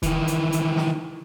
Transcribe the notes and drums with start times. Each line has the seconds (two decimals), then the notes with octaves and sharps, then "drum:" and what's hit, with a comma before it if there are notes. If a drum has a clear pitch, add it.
0.03 D#3 E3, drum: kick E1, hi-hat
0.28 drum: hi-hat
0.52 drum: hi-hat
0.77 drum: snare